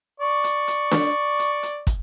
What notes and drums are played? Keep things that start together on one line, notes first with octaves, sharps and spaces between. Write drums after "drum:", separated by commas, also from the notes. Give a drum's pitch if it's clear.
D5 C#6
drum: hi-hat
drum: hi-hat
drum: snare D4
drum: hi-hat
drum: hi-hat
drum: kick, hi-hat